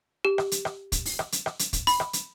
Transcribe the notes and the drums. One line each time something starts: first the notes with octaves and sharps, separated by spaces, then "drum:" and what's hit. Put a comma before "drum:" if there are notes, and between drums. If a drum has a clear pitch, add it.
G4
drum: rim click
drum: hi-hat
drum: rim click
drum: kick, hi-hat
drum: open hi-hat
drum: rim click
drum: hi-hat
drum: rim click
drum: hi-hat
drum: kick, hi-hat
B5, drum: open hi-hat
drum: rim click
drum: hi-hat